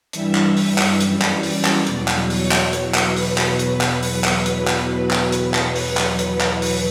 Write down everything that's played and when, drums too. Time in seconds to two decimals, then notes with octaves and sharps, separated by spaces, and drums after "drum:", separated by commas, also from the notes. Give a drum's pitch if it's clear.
0.13 G2 E3 G3 E5, drum: hi-hat
0.35 drum: clap
0.57 drum: open hi-hat
0.78 drum: clap
1.00 F#2 E3 G3, drum: hi-hat
1.21 drum: clap
1.43 D5, drum: open hi-hat
1.65 drum: clap
1.87 E2 B2 F#3, drum: hi-hat
2.08 drum: clap
2.30 C#5, drum: open hi-hat
2.51 drum: clap
2.73 E2 B2 F#3, drum: hi-hat
2.94 drum: clap
3.16 B4, drum: open hi-hat
3.38 drum: clap
3.59 drum: hi-hat
3.81 drum: clap
4.03 drum: open hi-hat
4.24 drum: clap
4.46 drum: hi-hat
4.68 drum: clap
5.11 drum: clap
5.32 drum: hi-hat
5.54 drum: clap
5.76 drum: open hi-hat
5.97 drum: clap
6.19 drum: hi-hat
6.41 drum: clap
6.62 drum: open hi-hat